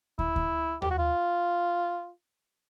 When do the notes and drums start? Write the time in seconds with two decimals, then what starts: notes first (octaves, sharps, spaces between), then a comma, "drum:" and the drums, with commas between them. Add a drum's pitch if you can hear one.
0.19 E4, drum: kick
0.36 drum: kick
0.82 G4, drum: tom D#2
0.91 F#4
0.98 F4